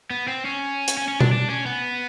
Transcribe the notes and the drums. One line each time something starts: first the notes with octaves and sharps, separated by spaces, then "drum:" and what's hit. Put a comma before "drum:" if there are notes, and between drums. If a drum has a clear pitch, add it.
B3
C4
C#4
drum: hi-hat
C#4
C#4
D4, drum: tom B2
D4
C#4
B3